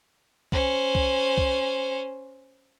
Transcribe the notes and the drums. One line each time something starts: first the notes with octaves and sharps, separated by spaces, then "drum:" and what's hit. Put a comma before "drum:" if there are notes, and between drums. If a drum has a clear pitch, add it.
C#4 C5, drum: kick C2
drum: kick C2
drum: kick C2